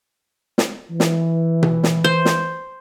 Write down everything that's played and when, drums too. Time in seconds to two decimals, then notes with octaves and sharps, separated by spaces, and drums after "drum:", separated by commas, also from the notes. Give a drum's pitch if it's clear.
0.58 drum: snare
0.90 E3
1.00 drum: snare
1.63 drum: tom B2
1.83 drum: snare
2.04 C5
2.25 drum: snare